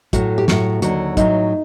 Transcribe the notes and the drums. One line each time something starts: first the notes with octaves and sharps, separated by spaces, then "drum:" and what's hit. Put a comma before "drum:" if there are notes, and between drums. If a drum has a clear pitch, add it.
A2 F#3 F#4, drum: kick, hi-hat
G4
A2 F#3 F#4, drum: snare
D#2 D3 F#3 F#4, drum: hi-hat
A2 F#3 D#4, drum: kick, hi-hat